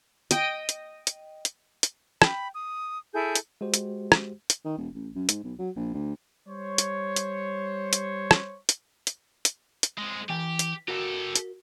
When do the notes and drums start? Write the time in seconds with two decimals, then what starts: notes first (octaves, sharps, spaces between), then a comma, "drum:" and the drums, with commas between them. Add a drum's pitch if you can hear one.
0.31 D#5 G5, drum: hi-hat
0.69 drum: hi-hat
1.07 drum: hi-hat
1.45 drum: hi-hat
1.83 drum: hi-hat
2.22 G5 B5, drum: rim click
2.56 D#6
3.13 E4 G#4 A4 G6
3.36 drum: hi-hat
3.61 G#3 F#4 G4 C5
3.74 drum: hi-hat
4.12 drum: rim click
4.50 drum: hi-hat
4.65 D#3
4.78 E1
4.94 A1
5.15 F#2
5.29 G#2, drum: hi-hat
5.44 B1
5.59 F#3
5.76 A#1
5.94 D2
6.48 G3 C5 C#5
6.78 drum: hi-hat
7.16 drum: hi-hat
7.93 drum: hi-hat
8.31 drum: rim click
8.69 drum: hi-hat
9.07 drum: hi-hat
9.45 drum: hi-hat
9.83 drum: hi-hat
9.98 C3 G#3
10.29 E3 G4 G5
10.59 drum: hi-hat
10.88 F#4 G4 A4 A#4 F5
11.36 drum: hi-hat